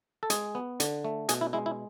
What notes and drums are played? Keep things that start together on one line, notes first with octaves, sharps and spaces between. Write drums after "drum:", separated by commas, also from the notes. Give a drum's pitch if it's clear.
A4
G#3 G#4, drum: hi-hat
B3
D3, drum: hi-hat
A3
B2 G#4, drum: hi-hat
E4
G#3 E4
E4